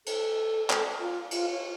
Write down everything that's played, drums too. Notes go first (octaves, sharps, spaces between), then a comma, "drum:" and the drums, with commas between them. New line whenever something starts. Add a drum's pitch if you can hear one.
A4, drum: cymbal
drum: clap
F4
F4, drum: cymbal
C#5